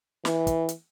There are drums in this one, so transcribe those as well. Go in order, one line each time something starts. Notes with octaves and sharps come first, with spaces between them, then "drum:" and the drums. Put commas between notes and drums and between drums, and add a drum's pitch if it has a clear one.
E3, drum: snare
drum: kick, hi-hat
drum: hi-hat